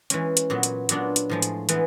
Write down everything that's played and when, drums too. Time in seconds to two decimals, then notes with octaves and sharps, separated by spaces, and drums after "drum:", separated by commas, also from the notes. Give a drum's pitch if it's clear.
0.10 E3 G#3 C#4, drum: hi-hat
0.37 drum: hi-hat
0.50 A#2 F#3 B3
0.63 drum: hi-hat
0.89 A#2 F#3 B3 D4 F4, drum: hi-hat
1.16 drum: hi-hat
1.30 A2 F3 G#3
1.42 drum: hi-hat
1.69 E3 G#3 B3 E4, drum: hi-hat